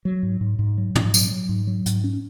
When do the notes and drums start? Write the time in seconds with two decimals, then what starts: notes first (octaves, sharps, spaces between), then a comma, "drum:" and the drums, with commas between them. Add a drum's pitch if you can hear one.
0.05 F#3
0.23 G#2
0.41 G#2
0.59 G#2
0.78 F#3
0.95 G#2, drum: tom
1.14 F#3, drum: tambourine
1.31 F#3
1.49 G#2
1.67 F#3
1.86 G#2, drum: hi-hat
2.04 C#4